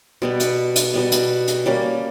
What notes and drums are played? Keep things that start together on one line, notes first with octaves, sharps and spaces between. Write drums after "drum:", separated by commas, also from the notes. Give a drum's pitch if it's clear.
B2 G3 B3
drum: hi-hat
drum: hi-hat
B2 G3 B3
drum: hi-hat
drum: hi-hat
G3 A#3 C#4